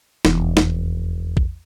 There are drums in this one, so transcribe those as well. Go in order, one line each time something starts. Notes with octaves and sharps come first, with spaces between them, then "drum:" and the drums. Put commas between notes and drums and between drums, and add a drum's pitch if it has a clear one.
F1 E2, drum: snare
drum: snare
drum: kick